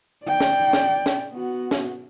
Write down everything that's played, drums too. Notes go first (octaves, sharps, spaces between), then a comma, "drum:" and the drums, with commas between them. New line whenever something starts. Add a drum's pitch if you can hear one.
D5 G5
drum: snare
drum: snare
drum: snare
B3 F#4
drum: snare